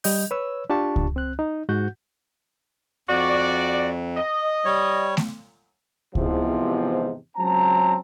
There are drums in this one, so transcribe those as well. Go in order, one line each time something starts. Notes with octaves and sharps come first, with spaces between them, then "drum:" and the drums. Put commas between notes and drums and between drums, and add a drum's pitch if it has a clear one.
G3 D#5 G6, drum: open hi-hat
B4 C#5 E6
D4 F4 G4 A5 C#6
drum: kick C#2
C4 F#6
D#4
G#2 F#4 F#5 G6
F2 F#4 D5
D#5
G3 C#5
drum: snare A3
E2 G#2 C3 F3, drum: kick C#2
C#2 F#3 C4 A5 A#5